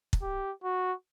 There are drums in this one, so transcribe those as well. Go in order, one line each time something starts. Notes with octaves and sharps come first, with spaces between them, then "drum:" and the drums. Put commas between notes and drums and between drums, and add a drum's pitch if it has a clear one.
drum: kick
G4
F#4